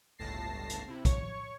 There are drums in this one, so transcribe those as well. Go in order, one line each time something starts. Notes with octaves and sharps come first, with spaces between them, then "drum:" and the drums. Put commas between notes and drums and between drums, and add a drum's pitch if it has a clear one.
G1 C#2 A2 A5 A#6 C7
drum: hi-hat
C3 E4
C#5 C#6, drum: kick, hi-hat